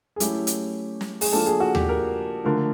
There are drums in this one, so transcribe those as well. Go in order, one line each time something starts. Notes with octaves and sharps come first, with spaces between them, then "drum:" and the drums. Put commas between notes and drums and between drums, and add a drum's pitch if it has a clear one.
G#4
F#3 A3 C#4 E4 G4, drum: hi-hat
drum: hi-hat
drum: snare
G#4, drum: open hi-hat
F3 A#3 D4 A4
G#4
F#4
G4, drum: tom D#2
A#4
D3 F3 A3 A#4